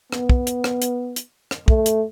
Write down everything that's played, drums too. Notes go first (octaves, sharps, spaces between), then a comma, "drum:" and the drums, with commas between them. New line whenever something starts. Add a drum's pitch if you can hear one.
B3, drum: rim click
drum: kick
drum: hi-hat
drum: rim click
drum: hi-hat
drum: hi-hat
drum: rim click
A3, drum: kick
drum: hi-hat